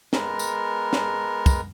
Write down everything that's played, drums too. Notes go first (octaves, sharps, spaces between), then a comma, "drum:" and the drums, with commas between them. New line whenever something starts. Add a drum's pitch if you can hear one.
G#3 B3 A#4, drum: snare
drum: tambourine
drum: snare
drum: kick, tambourine